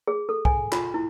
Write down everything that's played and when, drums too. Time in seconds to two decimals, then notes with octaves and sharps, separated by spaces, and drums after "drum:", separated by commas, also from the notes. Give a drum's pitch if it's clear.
0.07 G#4
0.29 A4
0.45 G#5, drum: kick
0.72 F4, drum: clap
0.94 E4